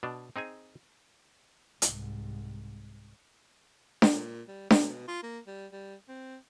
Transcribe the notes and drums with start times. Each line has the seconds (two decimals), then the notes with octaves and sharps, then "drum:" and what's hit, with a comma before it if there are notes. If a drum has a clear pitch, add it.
0.03 B2 D4
0.36 C4 D#4 G#4 G#5
1.82 C2 G#2, drum: hi-hat
4.02 drum: snare D4
4.12 A#2
4.48 G3
4.70 B2, drum: snare D4
5.08 F4
5.23 A#3
5.47 G3
5.72 G3
6.09 C4